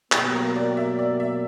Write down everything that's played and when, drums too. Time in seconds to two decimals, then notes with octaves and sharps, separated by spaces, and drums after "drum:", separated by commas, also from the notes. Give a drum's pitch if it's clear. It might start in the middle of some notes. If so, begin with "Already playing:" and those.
0.12 B2 F#3 A#3 G4, drum: clap
0.35 A#4
0.56 D5
0.77 E5
0.99 D5
1.20 E5